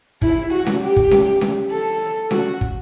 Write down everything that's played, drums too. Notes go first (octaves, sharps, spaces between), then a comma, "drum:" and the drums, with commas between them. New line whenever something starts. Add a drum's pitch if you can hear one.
E4, drum: kick
F#4
drum: snare C#4
G4
drum: kick
drum: snare C#4
drum: snare C#4
A4
F#4, drum: snare C#4
drum: kick